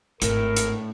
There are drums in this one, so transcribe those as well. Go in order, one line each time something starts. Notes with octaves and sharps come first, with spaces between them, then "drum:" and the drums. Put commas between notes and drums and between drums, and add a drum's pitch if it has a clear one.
G#1 A2 A#4, drum: hi-hat
drum: hi-hat